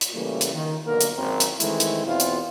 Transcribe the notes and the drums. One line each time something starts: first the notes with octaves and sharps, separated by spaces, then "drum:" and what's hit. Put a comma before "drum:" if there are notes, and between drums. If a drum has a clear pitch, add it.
drum: hi-hat
C#3 E3 G3 A3 A#3
drum: hi-hat
D#3
B1 D3 A#3 A#4
drum: hi-hat
G#1 F#2 C4 A#4
drum: hi-hat
D#3 E3 G#3 A3 C4 E4, drum: hi-hat
drum: hi-hat
E2 B2 C4 E4 F4
drum: hi-hat